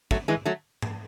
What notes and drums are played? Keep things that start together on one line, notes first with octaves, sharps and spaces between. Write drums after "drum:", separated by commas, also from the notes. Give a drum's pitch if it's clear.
F#3 A3, drum: kick
E3 G#3
F#3 A3
drum: tom G#2